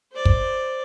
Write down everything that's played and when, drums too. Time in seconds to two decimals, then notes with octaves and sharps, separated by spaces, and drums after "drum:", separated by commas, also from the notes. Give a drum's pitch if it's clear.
0.12 C5 D5
0.25 drum: kick